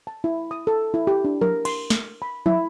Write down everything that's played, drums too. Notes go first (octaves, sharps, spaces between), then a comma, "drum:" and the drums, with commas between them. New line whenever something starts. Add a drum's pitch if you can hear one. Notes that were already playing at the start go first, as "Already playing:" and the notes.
A5
E4
D#6
A4
E4
G4
D4
A#4, drum: tom F3
C6, drum: cymbal
drum: snare
B5
E4, drum: tom F3